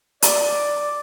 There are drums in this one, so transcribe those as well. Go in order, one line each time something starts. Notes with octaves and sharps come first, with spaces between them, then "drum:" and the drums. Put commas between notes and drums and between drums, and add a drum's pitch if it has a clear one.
D5, drum: hi-hat